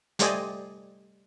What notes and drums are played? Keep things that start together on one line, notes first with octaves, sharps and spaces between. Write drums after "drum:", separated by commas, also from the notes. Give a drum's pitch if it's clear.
G3 A3 C5 D5 D#5 G#5, drum: hi-hat